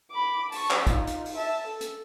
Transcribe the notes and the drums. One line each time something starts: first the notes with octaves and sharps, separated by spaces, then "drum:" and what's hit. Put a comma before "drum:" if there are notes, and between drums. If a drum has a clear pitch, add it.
B5 D6
A5 C#6, drum: open hi-hat
drum: clap
D#4 F4, drum: kick, hi-hat
drum: hi-hat
drum: open hi-hat
E5 A5
A4
drum: hi-hat